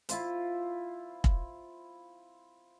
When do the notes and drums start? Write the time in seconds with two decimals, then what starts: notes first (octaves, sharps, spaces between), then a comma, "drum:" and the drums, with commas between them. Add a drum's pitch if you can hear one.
0.09 E4 F4 C5, drum: hi-hat
1.24 drum: kick